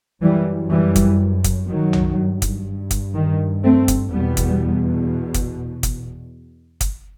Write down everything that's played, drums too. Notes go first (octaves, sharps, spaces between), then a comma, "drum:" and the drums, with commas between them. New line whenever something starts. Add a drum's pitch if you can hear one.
F#2 E3 G3
E3 G3
drum: kick, hi-hat
drum: kick, hi-hat
D#3 F#3
drum: tom B1
G2
drum: kick, hi-hat
drum: kick, hi-hat
D#3
A3 C4
drum: kick, hi-hat
E2 B2 G3 B3
drum: kick, hi-hat
drum: kick, hi-hat
drum: kick, hi-hat
drum: kick, hi-hat